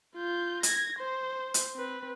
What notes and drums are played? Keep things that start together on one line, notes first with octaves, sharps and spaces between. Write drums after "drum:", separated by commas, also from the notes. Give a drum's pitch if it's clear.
F4 G6
G#6 A#6, drum: hi-hat
C5
drum: hi-hat
C4 B4